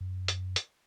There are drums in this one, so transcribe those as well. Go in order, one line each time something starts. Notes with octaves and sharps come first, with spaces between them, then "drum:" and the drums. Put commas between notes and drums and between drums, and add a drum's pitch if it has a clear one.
F#2
drum: hi-hat
drum: hi-hat